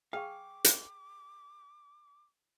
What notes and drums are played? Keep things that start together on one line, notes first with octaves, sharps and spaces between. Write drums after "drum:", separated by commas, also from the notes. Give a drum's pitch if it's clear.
G#4 F5 G5 C#6 D6
drum: hi-hat